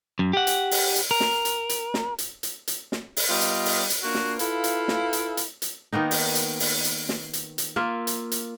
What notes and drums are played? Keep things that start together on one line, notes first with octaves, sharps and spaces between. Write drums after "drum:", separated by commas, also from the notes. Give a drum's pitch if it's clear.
F#2
G4 F#5
drum: hi-hat
drum: open hi-hat
drum: hi-hat
A#4
drum: snare
drum: hi-hat
drum: hi-hat
drum: snare
drum: hi-hat
drum: hi-hat
drum: hi-hat
drum: snare
drum: open hi-hat
G3 B3 F4 D#5
drum: hi-hat
drum: open hi-hat
drum: hi-hat
A#3 D4 F4 F#4
drum: snare
E4 F4 A4 B4 F5, drum: hi-hat
drum: hi-hat
drum: snare
drum: hi-hat
drum: hi-hat
drum: hi-hat
D#3 A#3 B3 D#4
drum: open hi-hat
drum: hi-hat
drum: open hi-hat
drum: hi-hat
drum: snare
drum: hi-hat
drum: hi-hat
A#3 F4 E5
drum: hi-hat
drum: hi-hat